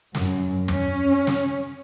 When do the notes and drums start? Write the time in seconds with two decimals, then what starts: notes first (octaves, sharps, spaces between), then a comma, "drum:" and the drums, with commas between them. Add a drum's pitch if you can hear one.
0.15 F#2, drum: snare
0.68 C#4, drum: tom
1.27 drum: snare